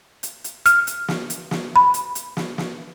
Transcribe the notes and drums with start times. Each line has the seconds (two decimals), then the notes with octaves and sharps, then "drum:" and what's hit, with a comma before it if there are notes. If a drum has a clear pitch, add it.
0.23 drum: hi-hat
0.44 drum: hi-hat
0.66 F6, drum: hi-hat
0.87 drum: hi-hat
1.08 drum: snare
1.30 drum: hi-hat
1.51 drum: snare
1.76 B5
1.94 drum: hi-hat
2.15 drum: hi-hat
2.37 drum: snare
2.58 drum: snare